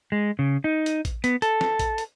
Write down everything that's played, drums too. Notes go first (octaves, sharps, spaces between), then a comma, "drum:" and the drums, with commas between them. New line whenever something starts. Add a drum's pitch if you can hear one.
G#3
C#3
D#4
drum: hi-hat
drum: kick A1, hi-hat
B3, drum: hi-hat
A4, drum: hi-hat
drum: snare
drum: kick A1, hi-hat
drum: hi-hat